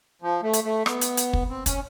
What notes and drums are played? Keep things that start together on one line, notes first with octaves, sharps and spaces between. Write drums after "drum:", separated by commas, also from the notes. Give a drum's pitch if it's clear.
F3
A3
drum: hi-hat
A3
B3, drum: rim click
drum: hi-hat
drum: hi-hat
drum: kick
C4
C#4, drum: kick, hi-hat